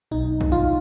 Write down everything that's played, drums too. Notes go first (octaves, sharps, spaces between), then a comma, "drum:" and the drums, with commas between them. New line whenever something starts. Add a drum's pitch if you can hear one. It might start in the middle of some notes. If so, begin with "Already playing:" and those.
B1 B2 D#4
drum: kick
F4